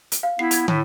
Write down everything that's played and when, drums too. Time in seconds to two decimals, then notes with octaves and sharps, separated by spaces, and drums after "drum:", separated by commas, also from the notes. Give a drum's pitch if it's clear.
0.12 drum: hi-hat
0.23 F5
0.39 B3 E4 C7
0.51 B5 G#6, drum: hi-hat
0.68 A2 E4, drum: tom